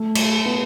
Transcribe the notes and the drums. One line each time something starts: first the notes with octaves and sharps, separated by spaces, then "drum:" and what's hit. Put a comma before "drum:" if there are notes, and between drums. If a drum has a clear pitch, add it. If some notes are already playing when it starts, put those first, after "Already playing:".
Already playing: A3
A3, drum: cymbal
B3